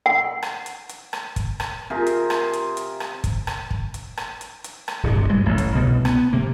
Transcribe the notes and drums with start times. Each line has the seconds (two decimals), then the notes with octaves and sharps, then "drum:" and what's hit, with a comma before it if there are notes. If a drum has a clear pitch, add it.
0.06 F#5
0.43 drum: rim click
0.66 drum: hi-hat
0.89 drum: hi-hat
1.13 drum: rim click
1.36 drum: kick, hi-hat
1.60 drum: rim click
1.90 C3 F4 G#4 A#4
2.07 drum: hi-hat
2.30 drum: rim click
2.53 drum: hi-hat
2.77 drum: hi-hat
3.00 drum: rim click
3.24 drum: kick, hi-hat
3.47 drum: rim click
3.71 drum: kick
3.94 drum: hi-hat
4.17 drum: rim click
4.41 drum: hi-hat
4.64 drum: hi-hat
4.88 drum: rim click
5.03 D1 G1 C3
5.29 G2 G#3
5.46 A1
5.58 drum: kick, hi-hat
5.75 C2 B2
6.05 B3, drum: rim click
6.33 C3 A#3